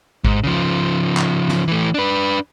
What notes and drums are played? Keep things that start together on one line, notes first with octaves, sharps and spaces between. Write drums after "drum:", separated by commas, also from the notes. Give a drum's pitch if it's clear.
G#2, drum: kick G#1
C#3 F3
drum: clap
drum: snare
E3 A3
D4 B4